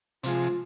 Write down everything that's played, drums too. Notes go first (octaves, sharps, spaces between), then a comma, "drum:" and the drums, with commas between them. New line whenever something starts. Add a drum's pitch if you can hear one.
C3 F3 G#3 F4, drum: hi-hat